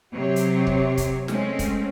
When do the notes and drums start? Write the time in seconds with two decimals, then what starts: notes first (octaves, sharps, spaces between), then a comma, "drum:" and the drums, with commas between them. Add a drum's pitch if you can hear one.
0.14 C3 F#3 C#5
0.36 drum: hi-hat
0.67 drum: kick
0.97 drum: kick, hi-hat
1.28 G#3 A3 C4 C#4, drum: snare
1.59 drum: kick, hi-hat